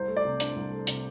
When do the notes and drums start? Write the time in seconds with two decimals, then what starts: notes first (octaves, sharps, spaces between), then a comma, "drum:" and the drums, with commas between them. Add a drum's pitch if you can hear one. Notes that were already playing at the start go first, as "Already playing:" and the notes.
Already playing: C2 C5
0.08 A3
0.17 D5
0.25 C3
0.40 D4, drum: hi-hat
0.56 C2
0.72 A3
0.87 C3, drum: hi-hat